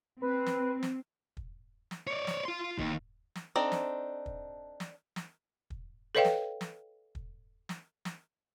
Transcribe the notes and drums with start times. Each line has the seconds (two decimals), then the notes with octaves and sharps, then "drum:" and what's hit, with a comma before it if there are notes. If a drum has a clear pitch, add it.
0.22 C4 B4
0.46 drum: snare
0.83 drum: snare
1.37 drum: kick
1.91 drum: snare
2.07 C#5 D5
2.27 drum: snare
2.45 F4 C6
2.78 D#2, drum: kick
3.35 drum: snare
3.56 C4 D4 D#4 A4 C5
3.72 drum: snare
4.26 drum: kick
4.80 drum: snare
5.16 drum: snare
5.70 drum: kick
6.15 A4 B4 C#5 D#5 F5 G5
6.25 drum: snare
6.61 drum: snare
7.15 drum: kick
7.69 drum: snare
8.05 drum: snare